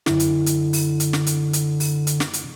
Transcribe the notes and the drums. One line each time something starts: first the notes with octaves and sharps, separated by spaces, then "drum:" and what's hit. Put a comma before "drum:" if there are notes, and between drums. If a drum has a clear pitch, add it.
F#2 D3 E4, drum: snare
drum: hi-hat
drum: hi-hat
drum: open hi-hat
drum: hi-hat
drum: snare
drum: hi-hat
drum: hi-hat
drum: open hi-hat
drum: hi-hat
drum: snare
drum: hi-hat